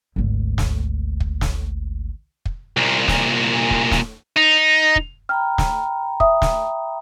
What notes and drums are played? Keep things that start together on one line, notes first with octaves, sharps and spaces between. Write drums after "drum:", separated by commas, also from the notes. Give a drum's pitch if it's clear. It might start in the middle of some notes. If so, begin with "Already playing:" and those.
G#1 D2
drum: snare
drum: kick
drum: snare
drum: kick
C2 A#2
drum: snare
drum: kick
drum: snare
D#4
drum: kick
G5 A#5 B5 F6
drum: snare
E5 D#6, drum: kick
drum: snare